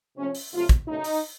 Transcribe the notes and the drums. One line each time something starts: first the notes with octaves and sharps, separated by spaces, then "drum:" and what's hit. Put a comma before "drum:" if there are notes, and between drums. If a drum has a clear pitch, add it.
C3 F3 A3 C#4
drum: open hi-hat
C3 F#3 A3 F4
drum: kick, hi-hat
F#2 C#3 A3 D#4
drum: open hi-hat